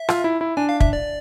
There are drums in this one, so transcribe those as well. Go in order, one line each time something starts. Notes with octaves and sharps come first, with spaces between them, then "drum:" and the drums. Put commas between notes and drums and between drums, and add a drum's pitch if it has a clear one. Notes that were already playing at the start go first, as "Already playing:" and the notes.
Already playing: E5
F4, drum: rim click
E4
E4
D4 G#5
F5
E5, drum: kick
D5